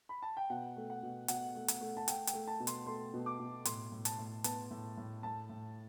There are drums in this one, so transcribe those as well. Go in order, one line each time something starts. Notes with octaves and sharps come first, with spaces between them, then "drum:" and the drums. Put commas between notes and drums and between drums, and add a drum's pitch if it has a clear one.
B5
A5
G5
B2 F#5
A3
F#5
B2
B2 F#5, drum: hi-hat
A3
drum: hi-hat
A3
A5
A3 G5, drum: hi-hat
G5, drum: hi-hat
A3
A5
B2
C6, drum: hi-hat
A3 C6
B2
D6
B2
A2 C6, drum: hi-hat
A2
A5, drum: hi-hat
A2
B3 A5, drum: hi-hat
A2
A2
A2 A5
A2